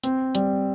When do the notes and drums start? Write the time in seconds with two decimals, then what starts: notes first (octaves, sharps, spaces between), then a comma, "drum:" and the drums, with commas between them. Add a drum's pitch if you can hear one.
0.03 C4, drum: hi-hat
0.35 G3, drum: hi-hat